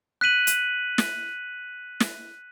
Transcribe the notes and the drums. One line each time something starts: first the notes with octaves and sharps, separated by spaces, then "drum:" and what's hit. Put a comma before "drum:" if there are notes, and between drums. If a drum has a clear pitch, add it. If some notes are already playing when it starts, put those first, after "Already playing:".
F#6 B6 D#7 F#7
drum: hi-hat
drum: snare
drum: snare